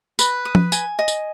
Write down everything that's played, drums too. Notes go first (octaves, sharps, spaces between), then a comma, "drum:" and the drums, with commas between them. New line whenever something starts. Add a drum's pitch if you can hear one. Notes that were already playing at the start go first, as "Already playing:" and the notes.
B4, drum: tambourine
D#6
drum: tom F3
G#5, drum: tambourine
D#5
drum: tambourine